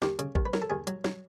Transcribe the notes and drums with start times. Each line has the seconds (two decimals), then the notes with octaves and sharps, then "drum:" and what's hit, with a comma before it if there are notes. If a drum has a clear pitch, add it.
0.02 D#2 G4, drum: snare
0.19 C#3, drum: hi-hat
0.35 D#2, drum: kick A1
0.46 B4
0.53 F#3 A#4, drum: snare
0.62 A4
0.70 D#2 G#4
0.87 F#3, drum: hi-hat
1.04 F#3, drum: snare